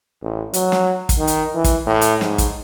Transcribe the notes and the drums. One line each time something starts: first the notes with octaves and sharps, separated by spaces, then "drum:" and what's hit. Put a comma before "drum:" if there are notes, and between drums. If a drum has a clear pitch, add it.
A1
F#3, drum: hi-hat
drum: snare
drum: kick, hi-hat
D#3
drum: hi-hat
E3
drum: kick, hi-hat
A2
drum: hi-hat
G#2, drum: snare
drum: kick, hi-hat